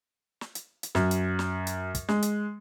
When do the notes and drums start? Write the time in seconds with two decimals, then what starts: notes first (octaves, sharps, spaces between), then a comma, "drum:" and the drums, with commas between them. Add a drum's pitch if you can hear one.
0.41 drum: snare
0.55 drum: hi-hat
0.83 drum: hi-hat
0.95 F#2, drum: snare
1.11 drum: hi-hat
1.39 drum: snare
1.67 drum: hi-hat
1.95 drum: kick, hi-hat
2.09 G#3, drum: snare
2.22 drum: hi-hat